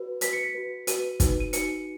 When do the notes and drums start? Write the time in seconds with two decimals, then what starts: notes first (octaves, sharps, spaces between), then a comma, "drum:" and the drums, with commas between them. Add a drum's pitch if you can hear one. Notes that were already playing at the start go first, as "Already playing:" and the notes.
Already playing: F#4 B4
0.21 F#4 B4 B6, drum: hi-hat
0.33 C#7
0.44 B6
0.54 F#4 B4
0.87 F#4 B4 D#7, drum: hi-hat
1.20 D#4 F#4 B4, drum: kick, hi-hat
1.40 D#7
1.53 D#4 F#4 B4 C#7, drum: hi-hat